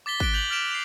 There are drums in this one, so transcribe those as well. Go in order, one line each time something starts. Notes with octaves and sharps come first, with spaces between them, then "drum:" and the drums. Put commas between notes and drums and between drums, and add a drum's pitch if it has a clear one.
D6 A6 B6 G7
F#6 A6 B6 D7 G7, drum: kick G#1
G6 F7 F#7
F6 A6 B6 D7 E7 F7
C7 F7